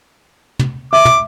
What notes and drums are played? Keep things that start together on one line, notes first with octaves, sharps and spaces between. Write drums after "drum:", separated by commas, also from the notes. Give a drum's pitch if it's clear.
drum: tom
E5 D6
drum: tom